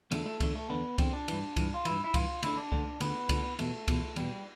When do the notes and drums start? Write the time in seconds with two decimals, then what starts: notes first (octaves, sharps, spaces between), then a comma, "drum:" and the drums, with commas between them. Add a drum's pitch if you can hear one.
0.11 E2 D3 A3, drum: cymbal
0.26 A3
0.40 E2 D3 A3, drum: kick C#2, cymbal
0.55 A3
0.70 E2 D3 B3
0.98 E2 D3 C4, drum: kick C#2, cymbal
1.13 D4
1.28 G2 E3, drum: cymbal
1.56 G2 E3, drum: kick C#2, cymbal
1.74 F4
1.85 G2 E3 E4, drum: cymbal
2.04 E4
2.14 G2 E3 F4, drum: kick C#2, cymbal
2.43 D2 D3 E4, drum: cymbal
2.57 D4
2.72 D2 D3, drum: kick C#2
3.00 D2 D3 B3, drum: cymbal
3.29 D2 D3, drum: kick C#2, cymbal
3.59 E2 B2 A3, drum: cymbal
3.88 E2 B2, drum: kick C#2, cymbal
4.16 E2 B2 G3, drum: cymbal